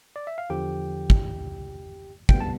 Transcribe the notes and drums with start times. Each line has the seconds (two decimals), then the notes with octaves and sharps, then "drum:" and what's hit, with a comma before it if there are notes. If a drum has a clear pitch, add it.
0.16 D5
0.27 E5
0.38 F5
0.50 E2 D3 F3 G4 G5
1.10 drum: kick
2.29 D2 C3 G3 B3 G5, drum: kick
2.41 A5